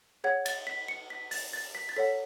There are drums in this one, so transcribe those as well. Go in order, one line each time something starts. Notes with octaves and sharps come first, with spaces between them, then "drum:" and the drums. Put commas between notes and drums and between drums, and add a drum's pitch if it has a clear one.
G#4 C#5 F#5 G#6
A6, drum: cymbal
B6
C#7
B6
A6, drum: open hi-hat
A6
B6
A6
A4 C#5 F#5 B6